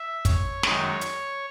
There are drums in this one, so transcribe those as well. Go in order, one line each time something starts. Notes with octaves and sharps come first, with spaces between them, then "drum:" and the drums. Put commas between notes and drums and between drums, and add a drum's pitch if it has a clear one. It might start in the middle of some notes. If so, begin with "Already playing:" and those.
Already playing: E5
C#5, drum: kick, hi-hat
F#2 D#3 G#3, drum: snare
drum: hi-hat